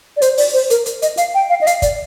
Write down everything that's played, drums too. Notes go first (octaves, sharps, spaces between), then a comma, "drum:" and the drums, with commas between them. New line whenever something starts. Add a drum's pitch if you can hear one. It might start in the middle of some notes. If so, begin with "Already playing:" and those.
D5
C5, drum: hi-hat
D5, drum: open hi-hat
C5
A#4, drum: hi-hat
drum: hi-hat
D#5, drum: hi-hat
F5, drum: hi-hat
G5
F5
D#5
F5, drum: hi-hat
D5, drum: kick, hi-hat